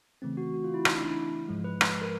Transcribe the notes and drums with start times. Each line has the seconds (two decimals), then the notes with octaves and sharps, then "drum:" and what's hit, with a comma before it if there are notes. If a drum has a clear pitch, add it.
0.22 C#3 E3 A3 C4
0.37 F#4
0.54 F#4
0.64 F4
0.74 E4
0.85 D#4, drum: rim click
0.95 D4
1.06 E4
1.49 G#2 F3 G#3
1.64 B4
1.81 B4, drum: rim click
1.91 B4
2.02 A#4